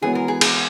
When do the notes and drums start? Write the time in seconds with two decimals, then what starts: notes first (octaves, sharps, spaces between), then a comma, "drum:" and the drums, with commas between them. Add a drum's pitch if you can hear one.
0.02 E3 G#3 B3 F#4 G#4 C#5
0.15 A#4
0.28 G#4
0.41 G#4, drum: cymbal